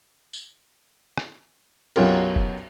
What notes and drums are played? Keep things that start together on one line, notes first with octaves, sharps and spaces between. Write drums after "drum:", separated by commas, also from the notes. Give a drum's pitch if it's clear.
drum: tambourine
drum: rim click
B1 F#2 F#3 F4 G4 A#4, drum: cymbal
drum: kick